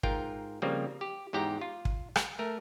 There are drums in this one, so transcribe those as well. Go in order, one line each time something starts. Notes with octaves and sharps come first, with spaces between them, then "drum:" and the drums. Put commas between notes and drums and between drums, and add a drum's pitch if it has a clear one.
G#2 F4 A#4 G5, drum: kick
C#3 F3 G3 A#3 C4
G4
E2 G#2 G4 G5 A#5
F4
drum: kick
drum: rim click
A3 A#4